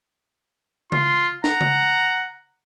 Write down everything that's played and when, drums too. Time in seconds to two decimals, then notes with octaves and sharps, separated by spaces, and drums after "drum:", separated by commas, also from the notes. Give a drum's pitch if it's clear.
0.92 F4 C6, drum: tom C#3
1.44 F#5 A#5, drum: snare
1.61 drum: tom C#3